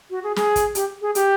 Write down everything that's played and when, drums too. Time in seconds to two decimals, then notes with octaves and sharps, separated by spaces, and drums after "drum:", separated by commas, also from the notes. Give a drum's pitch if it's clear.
0.10 F#4
0.23 G#4
0.36 G#4, drum: snare
0.56 drum: kick, hi-hat
0.75 G4, drum: hi-hat
1.01 G#4
1.15 G4, drum: hi-hat